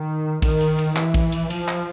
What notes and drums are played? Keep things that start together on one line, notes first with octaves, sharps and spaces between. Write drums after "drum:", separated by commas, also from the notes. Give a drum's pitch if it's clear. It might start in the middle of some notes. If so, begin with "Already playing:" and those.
Already playing: D#3
D#3, drum: kick A#1, cymbal
drum: cymbal
drum: cymbal
E3, drum: clap
drum: kick A#1, cymbal
drum: cymbal
F3, drum: cymbal
drum: clap